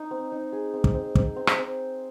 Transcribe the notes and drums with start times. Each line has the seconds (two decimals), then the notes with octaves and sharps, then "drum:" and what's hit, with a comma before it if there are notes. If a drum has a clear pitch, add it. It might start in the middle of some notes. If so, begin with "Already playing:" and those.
Already playing: D#4
0.11 C4
0.32 D#4
0.53 G#4
0.73 C4
0.84 drum: kick
0.94 C4
1.15 C4, drum: kick
1.36 C4
1.47 drum: rim click
1.58 C4